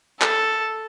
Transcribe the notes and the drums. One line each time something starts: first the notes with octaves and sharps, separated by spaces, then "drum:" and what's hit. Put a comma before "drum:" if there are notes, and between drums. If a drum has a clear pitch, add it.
A4, drum: clap